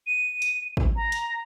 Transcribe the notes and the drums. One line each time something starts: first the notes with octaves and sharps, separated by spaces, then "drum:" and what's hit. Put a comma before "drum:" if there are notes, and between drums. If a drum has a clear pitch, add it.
D#7
drum: hi-hat
drum: kick
A#5
drum: hi-hat